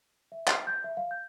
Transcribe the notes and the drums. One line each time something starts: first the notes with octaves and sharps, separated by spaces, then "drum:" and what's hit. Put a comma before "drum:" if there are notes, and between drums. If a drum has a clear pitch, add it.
E5
A6, drum: clap
G6
E5
F5
G6